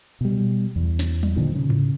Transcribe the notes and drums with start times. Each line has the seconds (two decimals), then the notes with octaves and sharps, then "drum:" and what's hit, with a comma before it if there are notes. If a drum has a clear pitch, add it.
0.21 B2 G3
0.76 E2
0.99 drum: snare
1.23 drum: tom F#3
1.36 A#2 D3 D#3 F3
1.55 C#3
1.70 drum: tom G#2